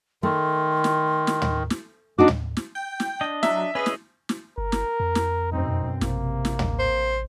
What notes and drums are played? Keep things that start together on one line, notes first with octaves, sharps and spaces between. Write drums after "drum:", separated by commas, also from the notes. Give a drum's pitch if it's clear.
D#3 A3 C6
drum: snare
drum: snare
drum: tom
drum: snare
D4 D#4 F#4 D6
drum: tom
drum: snare
G5
drum: snare
D4 D#5
F#3 E5, drum: snare
C#4 G#4 B4 D#5
drum: snare
drum: snare
G1 A#4
drum: snare
F2
drum: snare
F#2 B2 C4 D#4
A1 C3 A#3, drum: snare
drum: snare
drum: tom
C5